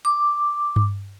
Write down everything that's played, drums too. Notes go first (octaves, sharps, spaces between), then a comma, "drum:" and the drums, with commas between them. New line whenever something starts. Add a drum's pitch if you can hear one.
D6
drum: tom G2